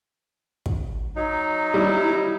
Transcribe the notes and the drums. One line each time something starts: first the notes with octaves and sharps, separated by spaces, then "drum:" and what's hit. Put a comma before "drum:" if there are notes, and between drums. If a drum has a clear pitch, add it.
drum: kick
F#3 D#4
G3 E4